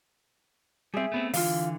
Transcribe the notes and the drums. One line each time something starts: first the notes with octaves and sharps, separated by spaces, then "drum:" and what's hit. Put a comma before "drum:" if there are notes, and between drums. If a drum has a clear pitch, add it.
G3 C4 G#4 E5
A3 B3 C4
D3 E3 F4 F5, drum: open hi-hat